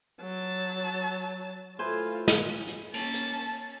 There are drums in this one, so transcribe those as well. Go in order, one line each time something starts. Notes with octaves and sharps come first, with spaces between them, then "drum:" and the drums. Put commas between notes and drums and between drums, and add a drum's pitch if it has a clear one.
F#3 A5
A2 F4 F#4 B4 C5 G#5
drum: snare
drum: hi-hat
A#3 C#4 A5, drum: cymbal
drum: hi-hat